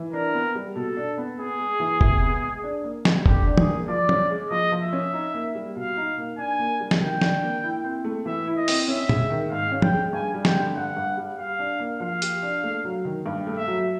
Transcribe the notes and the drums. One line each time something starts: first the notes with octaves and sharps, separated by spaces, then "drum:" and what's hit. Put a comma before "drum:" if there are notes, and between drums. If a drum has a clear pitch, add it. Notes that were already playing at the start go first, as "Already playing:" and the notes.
Already playing: E3
D4 A#4
B3
G3
B2 A4
D4
B3
B3 G#4
G#3
E3
C3, drum: kick F1
B3
G#3
D4
A#3
G3, drum: snare
D3 G4, drum: kick F1
D4
G#4, drum: tom
A#3
F3 D5
C#4, drum: tom
G#3
F3 D#5
F3
E5
C#4
D#4
A#3
G3
B2 F5
D#4
A#3
D4 G#5
A#3
G3
drum: snare
D#3 G5
D4, drum: snare
A#3
E4
C4
A3
E3 E5
E4
D#5
C4, drum: open hi-hat
C#4 E5
G#3, drum: tom
D#3
G#2 F5
C#4
G5, drum: tom
G#3
G2 G#5
G3
G5, drum: snare
D3
G2 F#5
G2
G3
G4 F5
D4
A#3
F3 F5
G4, drum: hi-hat
D4
A3
F#3
D#3
G2
A3
E5
F#3